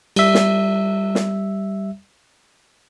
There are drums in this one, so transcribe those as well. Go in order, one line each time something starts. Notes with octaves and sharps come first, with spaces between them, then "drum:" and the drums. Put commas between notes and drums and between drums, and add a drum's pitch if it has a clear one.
G3 E5, drum: cymbal
drum: snare
drum: snare